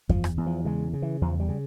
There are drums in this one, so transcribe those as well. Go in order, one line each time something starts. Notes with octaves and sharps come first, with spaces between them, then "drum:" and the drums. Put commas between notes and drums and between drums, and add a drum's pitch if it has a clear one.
E2 F3, drum: kick F#2
drum: rim click
E2
F3
C#3 G#3
C#3
E3
E2 F3
G3
C#3